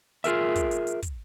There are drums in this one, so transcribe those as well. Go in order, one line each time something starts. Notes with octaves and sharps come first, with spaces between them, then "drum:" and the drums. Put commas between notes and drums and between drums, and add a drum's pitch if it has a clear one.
F4 G#4 A#4 E5, drum: hi-hat
drum: kick, hi-hat
drum: hi-hat
drum: hi-hat
drum: kick, hi-hat